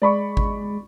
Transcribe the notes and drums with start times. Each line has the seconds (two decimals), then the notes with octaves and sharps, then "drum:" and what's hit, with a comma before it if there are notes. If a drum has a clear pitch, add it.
0.02 G#3 D5 B5 C#6
0.37 drum: kick G#1